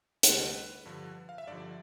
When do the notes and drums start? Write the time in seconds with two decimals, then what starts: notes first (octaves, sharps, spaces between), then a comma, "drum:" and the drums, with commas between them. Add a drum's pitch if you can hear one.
0.23 D2 C3 G3 B4, drum: hi-hat
0.85 G2 D3 F3
1.29 F5
1.38 E5
1.47 G2 D3 F3 D5